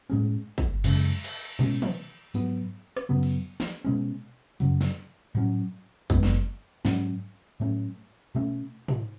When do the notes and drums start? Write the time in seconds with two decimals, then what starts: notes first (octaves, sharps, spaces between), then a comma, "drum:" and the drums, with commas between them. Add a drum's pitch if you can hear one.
0.10 A2 G#3 C#4
0.58 drum: kick
0.84 F#2 C#3 G#3, drum: cymbal
1.24 drum: cymbal
1.59 B2 G#3 C#4, drum: tom
1.82 drum: tom
2.34 G#2 F#3 B3, drum: tambourine
2.97 drum: rim click
3.09 F#2 C#3 F#3 B3
3.23 drum: open hi-hat
3.60 drum: snare
3.84 B2 G#3 C#4
4.60 F#2 C#3 F#3, drum: hi-hat
4.81 drum: snare
5.35 A2 F#3 C#4
6.10 F#2 E3 G#3 B3, drum: kick
6.23 drum: snare
6.85 G#2 F#3 C#4, drum: snare
7.60 A2 F#3 A3 C#4
8.35 B2 A3 C#4
8.88 drum: tom